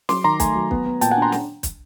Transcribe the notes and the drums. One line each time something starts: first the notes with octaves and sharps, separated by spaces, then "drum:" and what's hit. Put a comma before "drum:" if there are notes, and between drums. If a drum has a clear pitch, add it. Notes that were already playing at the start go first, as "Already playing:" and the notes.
F#3 C6 D6, drum: snare
D#3 A#5 C6
A3 G#5 A#5, drum: kick, hi-hat
F#3
B3, drum: kick
B3
A#2 G5 A5, drum: hi-hat
F#5 G#5
D4
A#5 C6
drum: snare
drum: kick, hi-hat